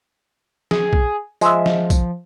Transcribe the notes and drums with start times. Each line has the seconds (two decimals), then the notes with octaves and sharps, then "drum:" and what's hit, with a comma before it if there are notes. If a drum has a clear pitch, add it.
0.71 G#4, drum: snare F3
0.93 drum: kick B1
1.41 F3 G#3 E5, drum: tambourine
1.66 drum: snare F3
1.90 drum: kick B1, tambourine